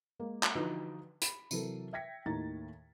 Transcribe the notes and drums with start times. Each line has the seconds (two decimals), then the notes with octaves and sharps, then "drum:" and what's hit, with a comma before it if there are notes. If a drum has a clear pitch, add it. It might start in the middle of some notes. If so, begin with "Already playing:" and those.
0.19 G#3 A#3
0.43 drum: clap
0.55 D3 E3 F3 D#4 F#4 B4
1.22 B5, drum: hi-hat
1.51 C3 E3 F#3 A4 A#4, drum: tambourine
1.93 E5 G5 G#6 A#6 B6 C#7
2.26 D#2 A2 D#3 A#5 A6